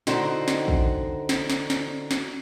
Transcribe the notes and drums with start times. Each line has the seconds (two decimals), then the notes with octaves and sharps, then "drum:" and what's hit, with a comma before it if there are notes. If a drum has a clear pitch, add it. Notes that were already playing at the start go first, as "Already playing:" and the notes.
0.07 D3 D#4 F#4 C5 D#5 G5, drum: snare
0.48 drum: snare
0.68 drum: kick
1.29 drum: snare
1.50 drum: snare
1.70 drum: snare
2.11 drum: snare